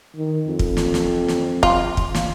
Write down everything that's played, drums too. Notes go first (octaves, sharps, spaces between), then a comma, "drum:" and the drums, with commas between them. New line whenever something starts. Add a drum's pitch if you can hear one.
D#3
F2
drum: kick
drum: snare
drum: snare
drum: snare
F4, drum: kick
drum: kick
drum: snare